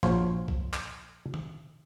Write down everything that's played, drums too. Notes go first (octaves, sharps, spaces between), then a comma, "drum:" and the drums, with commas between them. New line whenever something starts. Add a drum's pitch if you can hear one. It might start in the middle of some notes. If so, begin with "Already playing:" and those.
A#1 F4 F#4 C5 C#5, drum: snare
drum: kick B1
drum: clap
drum: tom